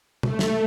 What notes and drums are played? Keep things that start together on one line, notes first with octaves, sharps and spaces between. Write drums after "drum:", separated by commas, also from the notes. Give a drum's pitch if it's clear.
A3, drum: tom
drum: snare